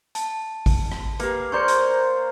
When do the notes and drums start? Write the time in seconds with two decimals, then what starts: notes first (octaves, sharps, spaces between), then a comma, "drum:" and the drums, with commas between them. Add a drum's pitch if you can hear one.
0.15 A5, drum: hi-hat
0.66 drum: kick G#1, open hi-hat
0.92 drum: rim click
1.20 A#3 G4 B4, drum: hi-hat
1.52 A#4 C5 D5 C#6 G6 C#7
1.68 drum: hi-hat